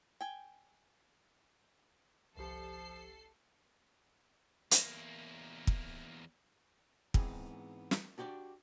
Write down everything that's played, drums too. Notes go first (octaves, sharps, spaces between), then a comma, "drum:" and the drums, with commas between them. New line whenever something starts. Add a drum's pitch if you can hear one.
G5 G#5
G1 C2 F3 G4 A4 C7
E2 A#3, drum: hi-hat
drum: kick
G#2 E3 G#3 B3 C4 G#4, drum: kick
drum: snare
D4 F#4 G4 C5 D5